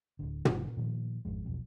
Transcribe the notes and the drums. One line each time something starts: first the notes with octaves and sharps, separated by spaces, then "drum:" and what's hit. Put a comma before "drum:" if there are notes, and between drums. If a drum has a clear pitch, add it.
D1 G#1 D3
F#1 D#3 G3, drum: tom
A#2 D#3 F3
G#1 F2 G#3
E1 B1 F2